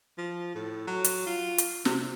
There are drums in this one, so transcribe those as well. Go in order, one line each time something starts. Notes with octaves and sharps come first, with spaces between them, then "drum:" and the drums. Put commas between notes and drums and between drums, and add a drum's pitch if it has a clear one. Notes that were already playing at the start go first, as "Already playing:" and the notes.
F3
A2
F#3
drum: hi-hat
F4
drum: hi-hat
C3, drum: snare